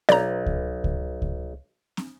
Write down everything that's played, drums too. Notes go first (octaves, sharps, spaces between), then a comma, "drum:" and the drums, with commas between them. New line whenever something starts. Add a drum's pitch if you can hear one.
B1 D5 A#5, drum: snare
drum: kick C#2
drum: kick C#2
drum: kick C#2
drum: snare